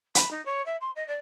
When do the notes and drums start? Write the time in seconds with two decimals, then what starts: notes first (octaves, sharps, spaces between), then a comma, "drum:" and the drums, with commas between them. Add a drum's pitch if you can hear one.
0.15 B5, drum: hi-hat
0.30 D#4
0.45 C#5
0.65 E5
0.80 C6
0.95 D#5
1.07 D5